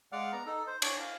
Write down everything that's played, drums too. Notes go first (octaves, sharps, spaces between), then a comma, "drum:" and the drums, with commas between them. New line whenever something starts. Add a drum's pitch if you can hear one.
G#3 D5 F5 F#5 F6
B3 A#5
D#4 A4
C5
D4 C#5 D5, drum: cymbal
F5